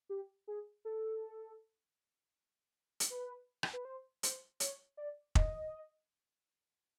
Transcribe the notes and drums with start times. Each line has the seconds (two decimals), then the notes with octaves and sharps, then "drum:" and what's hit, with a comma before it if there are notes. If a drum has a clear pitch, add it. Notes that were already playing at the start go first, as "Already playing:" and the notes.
0.09 G4
0.48 G#4
0.85 A4
3.00 drum: hi-hat
3.10 B4
3.63 drum: rim click
3.73 B4
3.85 C5
4.23 C5, drum: hi-hat
4.60 C#5, drum: hi-hat
4.97 D5
5.35 D#5, drum: kick